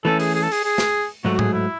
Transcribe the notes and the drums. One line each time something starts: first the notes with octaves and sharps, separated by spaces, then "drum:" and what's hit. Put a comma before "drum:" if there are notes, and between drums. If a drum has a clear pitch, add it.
E3 A3 C#4 A4
G#4, drum: open hi-hat
G#4
A4
G#4, drum: open hi-hat
G#4
drum: snare
G#2 F#3 A3 F#4
F#4
G#4, drum: tom A2
E4